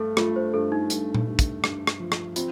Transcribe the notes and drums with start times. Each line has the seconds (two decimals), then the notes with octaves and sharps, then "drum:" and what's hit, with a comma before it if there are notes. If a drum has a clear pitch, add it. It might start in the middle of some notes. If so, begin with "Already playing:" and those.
Already playing: G2 A3 A4
0.17 A3 F4, drum: rim click
0.36 C5
0.54 G2 A4
0.72 D#4
0.90 G2, drum: hi-hat
1.15 drum: tom A#2
1.27 G2
1.39 drum: kick, hi-hat
1.64 G2, drum: rim click
1.87 drum: rim click
2.00 F3
2.12 drum: rim click
2.36 C4 F4, drum: hi-hat